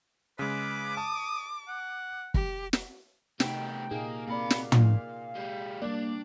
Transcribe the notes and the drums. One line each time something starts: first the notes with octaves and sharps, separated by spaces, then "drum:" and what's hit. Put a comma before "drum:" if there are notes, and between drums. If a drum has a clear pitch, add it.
C#3 G#3 B4 D6
A5 D#6
F#5
G4, drum: kick
drum: snare
C3 A3 B3 D#4 G5, drum: snare
A#2 A#3 D#4 G#4
A#3 C4 D5 F5 B5
drum: snare
A#2, drum: tom
G#3 G4
G3 A#3 D4 D5